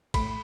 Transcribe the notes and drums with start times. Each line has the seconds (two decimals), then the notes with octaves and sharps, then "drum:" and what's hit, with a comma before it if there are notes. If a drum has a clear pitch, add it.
0.14 A2 B5, drum: kick G#1, cymbal